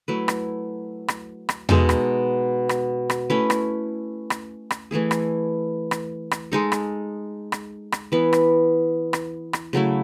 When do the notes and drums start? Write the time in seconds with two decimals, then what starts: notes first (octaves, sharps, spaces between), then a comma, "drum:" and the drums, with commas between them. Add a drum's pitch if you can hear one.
0.08 F#3 A3 E4 B4
0.28 drum: rim click
1.08 drum: rim click
1.49 drum: rim click
1.69 B2 G#3 D#4 A4, drum: tom E2
1.89 drum: rim click
2.69 drum: rim click
3.10 drum: rim click
3.30 A3 C#4 E4 B4
3.50 drum: rim click
4.30 drum: rim click
4.70 drum: rim click
4.91 E3 A3 E4 G#4
5.11 drum: rim click
5.91 drum: rim click
6.31 drum: rim click
6.52 G#3 D#4 A4
6.72 drum: rim click
7.52 drum: rim click
7.92 drum: rim click
8.12 E3 B3 E4 B4
8.33 drum: rim click
9.13 drum: rim click
9.53 drum: rim click
9.73 C#3 F#3 A3 E4